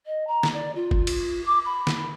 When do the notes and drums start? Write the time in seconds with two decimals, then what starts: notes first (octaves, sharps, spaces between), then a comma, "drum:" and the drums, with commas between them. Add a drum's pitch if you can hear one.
0.06 D#5
0.27 A#5
0.43 drum: snare
0.53 D5
0.75 F4
0.91 drum: kick F#1
1.07 drum: cymbal
1.46 D6
1.65 B5
1.87 drum: snare